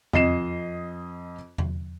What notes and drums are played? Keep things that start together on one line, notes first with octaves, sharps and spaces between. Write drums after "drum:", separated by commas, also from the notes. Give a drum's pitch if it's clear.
F2 D#5 C7 E7, drum: tom E2
drum: tom E2